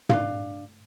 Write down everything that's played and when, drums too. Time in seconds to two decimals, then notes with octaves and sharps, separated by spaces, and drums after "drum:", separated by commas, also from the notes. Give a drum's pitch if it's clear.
0.09 D4 F#4 F5, drum: tom